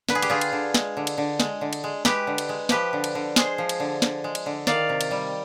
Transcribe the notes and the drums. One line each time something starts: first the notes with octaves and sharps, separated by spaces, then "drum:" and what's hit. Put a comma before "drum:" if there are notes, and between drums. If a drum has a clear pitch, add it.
D3 B4, drum: snare
G#4
G4, drum: cymbal
D3 F4 G#4
drum: cymbal
D3
G#3, drum: snare
D3
drum: cymbal
D3
G#3, drum: snare
D3
drum: cymbal
G#3
G#3 G4 B4, drum: snare
D3
drum: cymbal
G#3
F3 G4 B4, drum: snare
D3
drum: cymbal
D3
G#3 G#4 C5, drum: snare
F3
drum: cymbal
D3
D3, drum: snare
G#3
drum: cymbal
D3
D#3 D5 F5, drum: snare
C3
drum: cymbal
G3